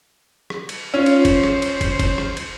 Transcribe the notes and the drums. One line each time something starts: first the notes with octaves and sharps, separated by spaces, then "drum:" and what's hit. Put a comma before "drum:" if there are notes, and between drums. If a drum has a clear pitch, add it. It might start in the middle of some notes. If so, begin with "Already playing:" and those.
drum: rim click
drum: cymbal
C#4 F4
drum: cymbal
C5, drum: kick, cymbal
drum: rim click
drum: cymbal
drum: kick, cymbal
drum: kick, cymbal
drum: rim click
drum: cymbal